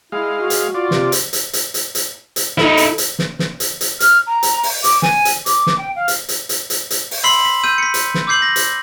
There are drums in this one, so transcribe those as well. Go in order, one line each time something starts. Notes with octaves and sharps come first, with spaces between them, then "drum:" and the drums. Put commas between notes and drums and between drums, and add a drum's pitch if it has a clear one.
G#3 E4 F5
F#4
drum: hi-hat
F4 D5
C3, drum: snare
drum: hi-hat
drum: hi-hat
drum: hi-hat
drum: hi-hat
drum: hi-hat
drum: hi-hat
D#4 E4 A4, drum: snare
drum: hi-hat
drum: hi-hat
drum: snare
drum: snare
drum: hi-hat
drum: hi-hat
F6, drum: hi-hat
A#5
drum: hi-hat
drum: open hi-hat
D6, drum: hi-hat
G#5, drum: snare
drum: hi-hat
D6, drum: hi-hat
drum: snare
G5
F5
drum: hi-hat
drum: hi-hat
drum: hi-hat
drum: hi-hat
drum: hi-hat
drum: open hi-hat
B5 C6 E6 B6 C7 F#7
B6
E6 G6 D#7
B6 C#7
drum: hi-hat
drum: snare
D6 E6 G6 C7 F#7
A#6
drum: hi-hat